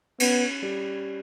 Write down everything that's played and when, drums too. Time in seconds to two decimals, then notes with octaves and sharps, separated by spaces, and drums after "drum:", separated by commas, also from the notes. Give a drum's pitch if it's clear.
0.20 B3 C#4, drum: cymbal
0.62 G3